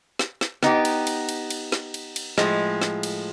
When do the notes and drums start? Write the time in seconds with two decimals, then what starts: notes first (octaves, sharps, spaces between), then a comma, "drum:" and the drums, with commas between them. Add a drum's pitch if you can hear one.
0.19 drum: snare
0.41 drum: snare
0.63 B3 D#4 G4, drum: snare
0.85 drum: cymbal
1.07 drum: cymbal
1.29 drum: cymbal
1.50 drum: cymbal
1.72 drum: snare
1.94 drum: cymbal
2.16 drum: cymbal
2.38 A2 F3 G#3, drum: snare
2.82 drum: snare
3.03 drum: cymbal